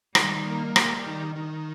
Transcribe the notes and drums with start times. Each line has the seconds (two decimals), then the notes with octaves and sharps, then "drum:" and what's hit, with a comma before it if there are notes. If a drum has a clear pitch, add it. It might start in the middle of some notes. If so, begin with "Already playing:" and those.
0.15 D#3 G3, drum: rim click
0.46 A#3
0.76 G3, drum: rim click
1.06 D#3
1.36 D#3